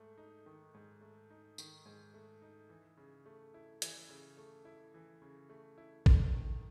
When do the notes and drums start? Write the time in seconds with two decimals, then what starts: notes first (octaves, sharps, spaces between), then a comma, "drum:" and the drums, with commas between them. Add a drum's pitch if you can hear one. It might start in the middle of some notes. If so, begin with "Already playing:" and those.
Already playing: G#2 A3
0.18 D#4
0.46 D#3
0.74 G#2
1.01 A3
1.30 D#4
1.58 D#3, drum: tambourine
1.86 G#2
2.14 A3
2.42 D#4
2.69 E3
2.97 C#3
3.26 A3
3.54 E4
3.82 E3, drum: hi-hat
4.09 C#3
4.37 A3
4.65 E4
4.94 E3
5.22 C#3
5.50 A3
5.78 E4
6.06 A3, drum: kick
6.33 D#3